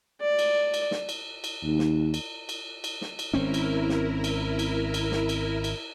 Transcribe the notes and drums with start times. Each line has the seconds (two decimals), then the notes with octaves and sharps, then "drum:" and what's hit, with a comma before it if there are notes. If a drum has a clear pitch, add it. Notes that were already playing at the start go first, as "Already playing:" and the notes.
0.21 D5
0.39 drum: cymbal
0.74 drum: cymbal
0.91 drum: snare
1.09 drum: cymbal
1.44 drum: cymbal
1.64 D#2
1.79 drum: snare
2.14 drum: cymbal
2.49 drum: cymbal
2.84 drum: cymbal
3.01 drum: snare
3.19 drum: cymbal
3.34 G#1 C4 C#4 E4 A#4
3.54 drum: cymbal
3.89 drum: snare
4.24 drum: cymbal
4.59 drum: cymbal
4.94 drum: cymbal
5.12 drum: snare
5.29 drum: cymbal
5.64 drum: cymbal